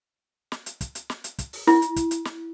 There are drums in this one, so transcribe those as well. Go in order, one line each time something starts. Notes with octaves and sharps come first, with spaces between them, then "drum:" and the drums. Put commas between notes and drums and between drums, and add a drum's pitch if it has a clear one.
drum: snare
drum: hi-hat
drum: kick, hi-hat
drum: hi-hat
drum: snare
drum: hi-hat
drum: kick, hi-hat
drum: open hi-hat
E4, drum: snare
drum: hi-hat
drum: kick, hi-hat
drum: hi-hat
drum: snare